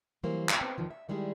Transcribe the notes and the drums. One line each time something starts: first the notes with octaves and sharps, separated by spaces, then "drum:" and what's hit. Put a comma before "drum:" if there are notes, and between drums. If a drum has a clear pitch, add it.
E3 F#3 G3 A#3 C5
D2, drum: clap
B3 C4
E2 D#3 F3
E5
D#3 G3 G#3 E4 G#4